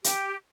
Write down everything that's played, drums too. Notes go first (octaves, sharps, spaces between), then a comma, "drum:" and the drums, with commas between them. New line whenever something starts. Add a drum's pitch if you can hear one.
G4, drum: hi-hat